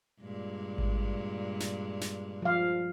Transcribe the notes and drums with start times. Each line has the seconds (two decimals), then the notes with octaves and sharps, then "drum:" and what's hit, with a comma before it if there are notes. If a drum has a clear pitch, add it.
0.21 G2 A#2 G#3
0.78 drum: kick G#1
1.60 drum: snare
2.01 drum: snare
2.42 F3 F5